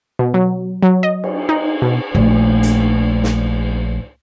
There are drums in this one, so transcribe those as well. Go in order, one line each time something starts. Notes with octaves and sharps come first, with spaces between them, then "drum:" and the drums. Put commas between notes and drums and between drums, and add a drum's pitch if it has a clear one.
B2
F#3
F#3
D#5
drum: cymbal
D#4
B2
A#1 A3, drum: cymbal
drum: hi-hat
drum: snare